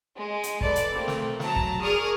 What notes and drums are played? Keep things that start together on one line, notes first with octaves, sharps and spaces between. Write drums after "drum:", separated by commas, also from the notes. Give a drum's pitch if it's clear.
G#3
drum: hi-hat
A4 B4 D5, drum: kick
drum: hi-hat
A3 A#3 C4
drum: snare
F#3 A5 A#5, drum: snare
drum: kick
G#4 A#4 D5 C#6 D#6 F6